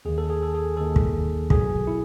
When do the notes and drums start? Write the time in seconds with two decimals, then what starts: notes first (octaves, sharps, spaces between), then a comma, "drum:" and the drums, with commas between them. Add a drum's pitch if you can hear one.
0.05 D#2 D#3 G#4
0.18 A4
0.30 G#4
0.43 A4
0.55 G#4
0.77 D#2 D#3 A4
0.96 drum: kick
1.50 B1 B2 G#4, drum: kick
1.87 E4